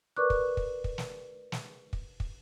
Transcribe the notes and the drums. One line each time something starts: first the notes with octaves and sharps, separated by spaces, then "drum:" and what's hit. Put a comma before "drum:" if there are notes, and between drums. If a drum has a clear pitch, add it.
A#4 B4 D5 C#6 D6 F#6
drum: kick
drum: kick
drum: kick
drum: snare
drum: snare
drum: kick
drum: kick